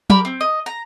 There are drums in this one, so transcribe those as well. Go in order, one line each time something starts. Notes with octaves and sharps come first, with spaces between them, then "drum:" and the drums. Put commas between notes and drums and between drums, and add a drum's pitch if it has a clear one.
G4 A#4 D5 B5, drum: tom F#3
C4
D#5
A#5